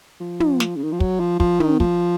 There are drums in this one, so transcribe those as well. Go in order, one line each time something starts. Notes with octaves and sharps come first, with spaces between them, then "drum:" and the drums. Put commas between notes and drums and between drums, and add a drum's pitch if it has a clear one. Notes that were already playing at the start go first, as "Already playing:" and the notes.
F3
drum: tom
drum: snare
C#3
D#3
F3
F#3, drum: kick
F3
F3, drum: kick
D#3, drum: tom
F3, drum: kick